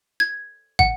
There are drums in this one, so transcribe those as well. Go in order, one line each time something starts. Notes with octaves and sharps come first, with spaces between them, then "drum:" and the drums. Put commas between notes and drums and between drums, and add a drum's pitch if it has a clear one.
G#6
F#5, drum: kick